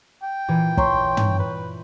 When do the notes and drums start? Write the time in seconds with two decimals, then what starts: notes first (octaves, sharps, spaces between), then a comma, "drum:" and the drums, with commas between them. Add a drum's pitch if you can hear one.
0.23 G5
0.48 A#2 E3
0.77 C#5 E5 A#5 C6 C#6, drum: kick
1.17 drum: tom
1.39 B4